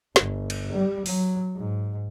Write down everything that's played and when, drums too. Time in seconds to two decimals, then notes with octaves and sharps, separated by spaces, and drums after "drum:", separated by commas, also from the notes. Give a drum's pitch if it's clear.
0.16 G1, drum: snare
0.50 drum: cymbal
0.73 G3
1.06 F#3, drum: open hi-hat
1.57 G#2